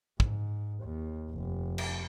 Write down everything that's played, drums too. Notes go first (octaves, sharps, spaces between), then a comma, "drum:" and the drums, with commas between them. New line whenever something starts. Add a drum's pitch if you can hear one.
G#2, drum: kick
D#2
F1
drum: cymbal